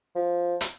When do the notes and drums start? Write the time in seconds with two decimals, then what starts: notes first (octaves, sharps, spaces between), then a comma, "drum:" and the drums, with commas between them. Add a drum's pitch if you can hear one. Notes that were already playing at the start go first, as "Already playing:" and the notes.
0.15 F3
0.61 drum: hi-hat